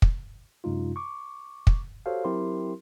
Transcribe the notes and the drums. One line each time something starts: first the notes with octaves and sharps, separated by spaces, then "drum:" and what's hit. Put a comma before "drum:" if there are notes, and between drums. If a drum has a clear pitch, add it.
drum: kick
F#2 C3 G#3 D#4 F4
C#6 D6
drum: kick
F#4 G4 A4 C5 C#5 F5
F#3 C4 E4 G4 A#4 C6